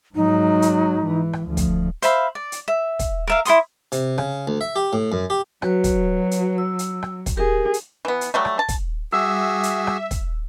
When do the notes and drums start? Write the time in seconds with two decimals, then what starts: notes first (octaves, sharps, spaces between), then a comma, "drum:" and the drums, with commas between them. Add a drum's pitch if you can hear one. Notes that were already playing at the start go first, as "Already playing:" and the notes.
0.15 G#2 F#3 D#4
0.62 drum: hi-hat
1.06 E3
1.33 drum: rim click
1.47 D2 F3
1.57 drum: kick, hi-hat
2.02 C5 E5 F5 B5, drum: hi-hat
2.35 D5
2.52 drum: hi-hat
2.68 E5
2.99 drum: kick, hi-hat
3.27 A#4 E5 F5
3.45 E4 A4 C6 D#6, drum: hi-hat
3.92 C3, drum: hi-hat
4.18 C#3, drum: rim click
4.47 D2
4.61 E5
4.76 G4
4.93 A2
5.12 F#2
5.30 G4
5.62 F#3 F#4 B4 C#5, drum: rim click
5.84 drum: kick, hi-hat
6.31 drum: hi-hat
6.58 E6
6.79 drum: hi-hat
7.02 drum: rim click
7.26 drum: kick, hi-hat
7.37 G4 G#4 A#4
7.74 drum: hi-hat
8.05 E3 B3
8.21 drum: hi-hat
8.34 F#3 G3 A3
8.45 drum: rim click
8.59 A5
8.69 drum: kick, hi-hat
9.12 G3 F#4 G#4 E5 D6 E6
9.63 drum: hi-hat
9.87 drum: rim click
10.11 drum: kick, hi-hat